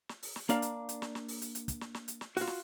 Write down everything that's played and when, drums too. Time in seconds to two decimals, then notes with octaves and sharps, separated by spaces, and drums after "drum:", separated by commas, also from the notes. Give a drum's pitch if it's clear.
0.09 drum: snare
0.22 drum: open hi-hat
0.36 drum: snare
0.49 A#3 D4 D5 F5 A#5, drum: hi-hat
0.62 drum: hi-hat
0.89 drum: hi-hat
1.02 drum: snare
1.15 drum: snare
1.28 drum: open hi-hat
1.42 drum: hi-hat
1.55 drum: hi-hat
1.68 drum: kick, hi-hat
1.81 drum: snare
1.94 drum: snare
2.08 drum: hi-hat
2.21 drum: snare
2.37 F4 F#4, drum: open hi-hat
2.47 drum: snare